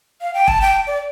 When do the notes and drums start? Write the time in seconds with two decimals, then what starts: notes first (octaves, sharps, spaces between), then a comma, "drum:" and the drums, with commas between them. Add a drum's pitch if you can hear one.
0.22 F5
0.34 G5
0.48 A5, drum: kick E1
0.61 G5
0.87 D5